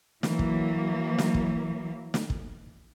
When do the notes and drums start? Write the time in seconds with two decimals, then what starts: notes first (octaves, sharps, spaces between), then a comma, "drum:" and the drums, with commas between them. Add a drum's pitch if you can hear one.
0.23 E3 F#3 A#3, drum: snare
0.39 drum: kick
1.18 drum: snare
1.34 drum: kick
2.14 drum: snare
2.30 drum: kick